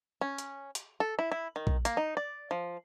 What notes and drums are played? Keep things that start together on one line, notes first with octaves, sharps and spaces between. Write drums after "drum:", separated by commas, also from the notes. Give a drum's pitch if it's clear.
C#4
drum: hi-hat
drum: hi-hat
A4
E4
E4
D#3
drum: kick A#1
A#3, drum: hi-hat
D#4
D5
F3